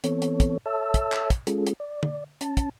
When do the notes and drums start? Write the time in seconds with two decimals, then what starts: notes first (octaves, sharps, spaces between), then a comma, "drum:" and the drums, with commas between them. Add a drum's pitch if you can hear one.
0.04 E3 B3 C4 A4 C#5, drum: hi-hat
0.22 drum: hi-hat
0.40 drum: kick, hi-hat
0.66 A4 C#5 E5 A5 E6
0.94 drum: kick, hi-hat
1.12 drum: clap
1.30 drum: kick, hi-hat
1.47 G#3 C#4 F4 G#4 A4, drum: hi-hat
1.67 drum: hi-hat
1.80 D5
2.03 drum: tom
2.41 C#4 A5, drum: hi-hat
2.57 drum: kick, hi-hat